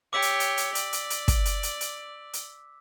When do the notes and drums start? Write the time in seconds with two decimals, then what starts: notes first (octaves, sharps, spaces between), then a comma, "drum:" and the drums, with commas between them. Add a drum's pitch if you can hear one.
0.13 G4 C#5 D6 E6 B6
0.22 drum: hi-hat
0.40 drum: hi-hat
0.57 drum: hi-hat
0.75 D5, drum: hi-hat
0.93 drum: hi-hat
1.10 drum: hi-hat
1.28 drum: kick, hi-hat
1.45 drum: hi-hat
1.63 drum: hi-hat
1.81 drum: hi-hat
2.33 drum: hi-hat